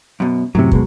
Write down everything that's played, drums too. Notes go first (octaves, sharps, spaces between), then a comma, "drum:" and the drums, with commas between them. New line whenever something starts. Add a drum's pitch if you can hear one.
F#2 B2
F#2 A2 C3 F#3
D#1 B2 G#3, drum: kick